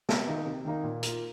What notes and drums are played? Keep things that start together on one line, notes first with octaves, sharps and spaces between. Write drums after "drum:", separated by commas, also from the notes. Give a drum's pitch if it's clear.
C3, drum: snare
D#3 A#3 D#4
C3
D#3 A#3 D#4
A#2
A#3 F4, drum: hi-hat